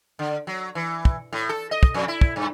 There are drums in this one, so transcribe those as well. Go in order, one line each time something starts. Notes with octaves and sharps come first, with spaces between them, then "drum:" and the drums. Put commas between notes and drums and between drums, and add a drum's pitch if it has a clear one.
D3
F#3
E3
drum: kick
A2
A4
D#5
drum: kick
F2
E4
drum: kick
G2